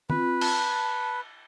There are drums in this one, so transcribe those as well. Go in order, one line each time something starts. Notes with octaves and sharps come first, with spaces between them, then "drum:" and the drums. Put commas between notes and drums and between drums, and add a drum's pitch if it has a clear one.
C4 F4 B4, drum: tom
A5, drum: cymbal